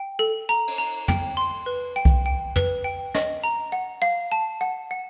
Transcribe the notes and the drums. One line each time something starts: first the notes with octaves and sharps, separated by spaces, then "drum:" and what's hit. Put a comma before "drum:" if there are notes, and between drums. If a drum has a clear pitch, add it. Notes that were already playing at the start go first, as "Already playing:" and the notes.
Already playing: G5
A4
A#5
drum: cymbal
A#5
G5, drum: tom
C6
B4
G5
drum: kick C2
G5
B4, drum: tom
G5
D#5, drum: snare
A#5
F#5
F5
A5
F#5
F#5